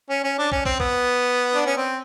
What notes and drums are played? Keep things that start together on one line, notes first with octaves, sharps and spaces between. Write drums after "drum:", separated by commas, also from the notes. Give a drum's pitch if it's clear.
C#4
C#4
D4
C#4, drum: kick
C4, drum: kick
B3, drum: kick
D4
C#4
C4